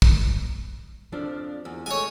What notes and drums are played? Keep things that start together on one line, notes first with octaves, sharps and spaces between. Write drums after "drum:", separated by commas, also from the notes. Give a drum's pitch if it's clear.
drum: kick
F2 F3 D4
E2
G#3 A3 C#5 G#5